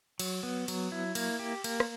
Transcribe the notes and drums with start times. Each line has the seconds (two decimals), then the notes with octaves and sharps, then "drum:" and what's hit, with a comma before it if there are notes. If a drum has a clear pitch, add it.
0.19 F#3, drum: cymbal
0.43 B3
0.68 F#3, drum: cymbal
0.92 E4
1.15 A#3, drum: cymbal
1.39 G4
1.64 A#3, drum: cymbal
1.80 drum: rim click